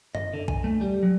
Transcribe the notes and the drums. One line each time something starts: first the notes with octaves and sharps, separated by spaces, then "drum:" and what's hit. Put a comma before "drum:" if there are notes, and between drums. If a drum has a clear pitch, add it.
D#5, drum: tom F#2
D3
G#5, drum: kick
A3
G3
F#3